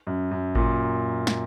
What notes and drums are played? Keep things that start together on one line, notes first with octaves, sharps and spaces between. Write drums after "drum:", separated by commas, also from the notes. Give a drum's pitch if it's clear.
F#2
F#2
A#2, drum: kick G#1
drum: snare